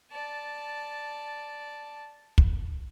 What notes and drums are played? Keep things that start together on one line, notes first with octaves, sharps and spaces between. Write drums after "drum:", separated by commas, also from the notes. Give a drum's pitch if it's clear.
D5 A5
drum: kick